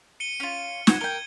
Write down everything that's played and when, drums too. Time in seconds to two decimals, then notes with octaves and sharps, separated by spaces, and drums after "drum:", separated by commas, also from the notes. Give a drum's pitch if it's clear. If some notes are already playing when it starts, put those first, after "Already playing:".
0.20 C#7 D#7 G7
0.40 C#4 F4 D#7
0.87 F#4 C5 G#6, drum: snare
1.01 A#4 G5 G7